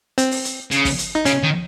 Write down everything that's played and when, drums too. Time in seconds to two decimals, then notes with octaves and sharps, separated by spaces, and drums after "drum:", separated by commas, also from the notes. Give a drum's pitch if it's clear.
0.18 C4, drum: hi-hat
0.31 drum: open hi-hat
0.45 drum: hi-hat
0.71 C#3, drum: hi-hat
0.85 drum: kick, open hi-hat
0.98 drum: hi-hat
1.15 D#4
1.25 C#3 C#4, drum: hi-hat
1.43 D#3